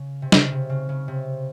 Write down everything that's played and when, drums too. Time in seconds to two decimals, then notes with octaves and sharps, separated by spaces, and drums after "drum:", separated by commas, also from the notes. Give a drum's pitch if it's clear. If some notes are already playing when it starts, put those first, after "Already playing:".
Already playing: C#3
0.22 C3
0.32 C#3, drum: snare
0.52 C3
0.69 C#3
0.89 C#3
1.08 C3